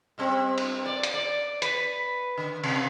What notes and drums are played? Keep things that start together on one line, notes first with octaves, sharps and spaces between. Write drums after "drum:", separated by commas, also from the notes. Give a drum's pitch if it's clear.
B2 G3 C4
drum: cymbal
D5
drum: hi-hat
D5
B4, drum: hi-hat
D3
C3, drum: cymbal